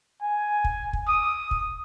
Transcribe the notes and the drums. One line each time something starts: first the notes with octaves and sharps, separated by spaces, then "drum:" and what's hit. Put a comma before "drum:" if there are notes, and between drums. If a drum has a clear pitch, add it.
G#5
drum: kick
drum: kick
D#6
drum: kick